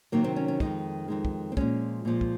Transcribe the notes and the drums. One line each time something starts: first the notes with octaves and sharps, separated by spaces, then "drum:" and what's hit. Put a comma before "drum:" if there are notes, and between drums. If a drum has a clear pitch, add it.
C3 D#3 F#3 A#3
C4
C#4
C#4
F2 D#3 G#3 D#4, drum: kick
F2 D#3 G#3
drum: kick
C4
A#2 F3 G#3 C#4, drum: kick
A#2 F3 G#3
drum: kick